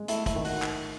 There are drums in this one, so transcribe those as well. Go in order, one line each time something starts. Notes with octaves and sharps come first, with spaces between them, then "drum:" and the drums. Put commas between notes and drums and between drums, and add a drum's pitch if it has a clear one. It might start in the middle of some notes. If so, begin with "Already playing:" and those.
Already playing: G#3
A3 E4, drum: hi-hat
E4, drum: kick, hi-hat
D#3
F#4, drum: open hi-hat
drum: clap